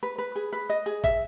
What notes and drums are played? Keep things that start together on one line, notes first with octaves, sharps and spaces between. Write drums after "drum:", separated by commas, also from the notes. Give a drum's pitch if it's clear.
B4
B4
G#4
B4
D#5
G#4
E5, drum: kick